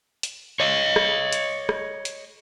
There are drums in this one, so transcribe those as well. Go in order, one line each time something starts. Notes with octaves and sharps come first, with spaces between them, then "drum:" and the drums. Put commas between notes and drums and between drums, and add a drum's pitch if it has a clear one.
drum: hi-hat
C#5 D#5
drum: rim click
drum: hi-hat
drum: rim click
drum: hi-hat